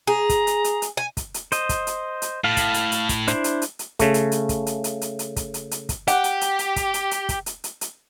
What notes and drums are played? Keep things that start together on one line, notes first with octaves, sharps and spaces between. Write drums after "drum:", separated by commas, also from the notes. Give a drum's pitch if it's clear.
G#4 A#5
drum: kick, hi-hat
drum: hi-hat
drum: hi-hat
drum: hi-hat
G#5
drum: kick, hi-hat
drum: hi-hat
C5 D#5, drum: hi-hat
drum: kick, hi-hat
drum: hi-hat
drum: hi-hat
A2 F5 A5
drum: kick, hi-hat
drum: hi-hat
drum: hi-hat
drum: kick, hi-hat
D4 E4 C5, drum: hi-hat
drum: hi-hat
drum: hi-hat
drum: hi-hat
C#3 A3, drum: kick, hi-hat
drum: hi-hat
drum: hi-hat
drum: kick, hi-hat
drum: hi-hat
drum: hi-hat
drum: hi-hat
drum: hi-hat
drum: kick, hi-hat
drum: hi-hat
drum: hi-hat
drum: kick, hi-hat
G4 F#5, drum: hi-hat
drum: hi-hat
drum: hi-hat
drum: hi-hat
drum: kick, hi-hat
drum: hi-hat
drum: hi-hat
drum: kick, hi-hat
drum: hi-hat
drum: hi-hat
drum: hi-hat